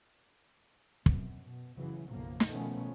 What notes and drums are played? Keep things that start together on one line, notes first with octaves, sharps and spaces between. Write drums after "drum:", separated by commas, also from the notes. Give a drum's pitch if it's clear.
F#2 B2, drum: kick
B2
F#2 C#3 E3 F#3
B1 F#2 C#3 F3 A#3
drum: snare
B2 D#3 F3 A3 B3 C#4